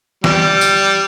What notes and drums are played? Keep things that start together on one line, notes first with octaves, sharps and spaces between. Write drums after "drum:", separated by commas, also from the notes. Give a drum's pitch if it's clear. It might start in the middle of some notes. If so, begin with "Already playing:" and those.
G3, drum: snare
drum: tambourine